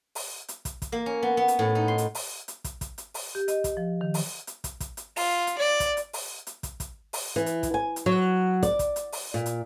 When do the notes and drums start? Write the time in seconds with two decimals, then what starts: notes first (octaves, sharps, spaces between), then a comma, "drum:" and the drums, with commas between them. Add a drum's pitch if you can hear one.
0.15 drum: open hi-hat
0.48 drum: hi-hat
0.65 drum: kick, hi-hat
0.82 drum: kick, hi-hat
0.92 A#3
1.06 C#4
1.23 B3
1.37 B3
1.48 drum: hi-hat
1.59 A2
1.75 D#4
1.88 C6
1.98 drum: hi-hat
2.15 drum: open hi-hat
2.48 drum: hi-hat
2.64 drum: kick, hi-hat
2.81 drum: kick, hi-hat
2.98 drum: hi-hat
3.14 drum: open hi-hat
3.35 G4
3.48 D#5, drum: hi-hat
3.64 drum: kick, hi-hat
3.77 F3
4.01 D#3
4.14 drum: open hi-hat
4.47 drum: hi-hat
4.64 drum: kick, hi-hat
4.80 drum: kick, hi-hat
4.97 drum: hi-hat
5.16 F4, drum: open hi-hat
5.47 drum: hi-hat
5.58 D5
5.80 drum: kick, hi-hat
5.97 drum: hi-hat
6.13 drum: open hi-hat
6.47 drum: hi-hat
6.63 drum: kick, hi-hat
6.80 drum: kick, hi-hat
7.13 drum: open hi-hat
7.36 E3
7.46 drum: hi-hat
7.63 drum: kick, hi-hat
7.74 G#5
7.96 drum: hi-hat
8.06 F#3
8.63 D5, drum: kick, hi-hat
8.79 drum: kick, hi-hat
8.96 drum: hi-hat
9.12 drum: open hi-hat
9.34 A#2
9.46 drum: hi-hat